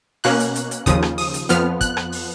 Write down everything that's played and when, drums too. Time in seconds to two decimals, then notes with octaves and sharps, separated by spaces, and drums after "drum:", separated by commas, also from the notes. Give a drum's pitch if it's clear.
0.24 B2 A#3 C#4 F#6, drum: open hi-hat
0.40 drum: hi-hat
0.55 drum: hi-hat
0.71 drum: hi-hat
0.86 D#2 C#3 F3 D#6, drum: kick, hi-hat
1.03 drum: rim click
1.18 D#6, drum: open hi-hat
1.34 drum: hi-hat
1.49 F2 F3 B3 F6, drum: hi-hat
1.81 F#6, drum: kick, hi-hat
1.97 drum: rim click
2.12 drum: open hi-hat